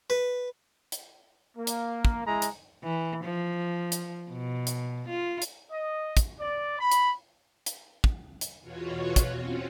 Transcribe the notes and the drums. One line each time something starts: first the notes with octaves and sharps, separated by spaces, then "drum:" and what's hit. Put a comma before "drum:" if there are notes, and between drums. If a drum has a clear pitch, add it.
B4
drum: hi-hat
A#3
drum: hi-hat
drum: kick
G#3 E4 A#5
drum: hi-hat
E3
F3
drum: hi-hat
B2
drum: hi-hat
F4
drum: hi-hat
D#5
drum: kick, hi-hat
D5
B5
drum: hi-hat
drum: hi-hat
drum: kick
drum: hi-hat
E2 B2 F4 F#4 C#5
drum: kick, hi-hat
C4 C#4 F4 F#4